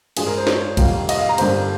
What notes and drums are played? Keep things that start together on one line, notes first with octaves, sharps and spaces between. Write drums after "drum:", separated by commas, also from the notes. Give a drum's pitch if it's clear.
G2 F3 G#3 G#4, drum: cymbal
A#4
C5
C#5, drum: snare
F1 F2 D#3 G3 A#3 F5, drum: kick, cymbal
D#5, drum: cymbal
F5
A#5
G1 G2 G3 A#3 C5, drum: cymbal